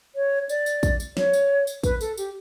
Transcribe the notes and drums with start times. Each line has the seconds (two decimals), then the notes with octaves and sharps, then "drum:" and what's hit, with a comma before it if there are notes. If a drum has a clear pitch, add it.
0.16 C#5
0.49 D5, drum: tambourine
0.66 drum: tambourine
0.83 drum: kick, tambourine
1.00 drum: tambourine
1.17 C#5, drum: snare
1.33 drum: tambourine
1.67 drum: tambourine
1.83 B4, drum: kick, tambourine
2.01 A4, drum: tambourine
2.18 G4, drum: tambourine